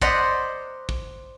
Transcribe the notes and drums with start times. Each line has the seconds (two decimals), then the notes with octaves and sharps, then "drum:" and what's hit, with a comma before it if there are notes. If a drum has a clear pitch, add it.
0.02 C5 D5 D#5 F#5 A#5 B5, drum: kick
0.89 drum: kick